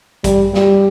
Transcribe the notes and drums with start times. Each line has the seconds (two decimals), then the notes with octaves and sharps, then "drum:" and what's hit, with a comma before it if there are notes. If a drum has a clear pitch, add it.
0.24 G3, drum: kick, hi-hat
0.54 G3, drum: snare